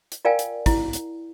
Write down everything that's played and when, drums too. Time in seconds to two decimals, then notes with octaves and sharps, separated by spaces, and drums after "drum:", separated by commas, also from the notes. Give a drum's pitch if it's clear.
0.12 drum: hi-hat
0.25 F4 A#4 D5 F5 G5 G#5
0.39 drum: hi-hat
0.66 E4, drum: kick, hi-hat
0.93 drum: hi-hat